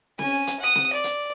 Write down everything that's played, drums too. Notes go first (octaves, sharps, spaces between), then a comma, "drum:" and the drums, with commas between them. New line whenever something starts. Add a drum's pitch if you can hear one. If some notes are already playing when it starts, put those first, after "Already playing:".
C#4 G#5, drum: snare C4
drum: hi-hat
F#5 D#6
drum: snare C4
D5
drum: hi-hat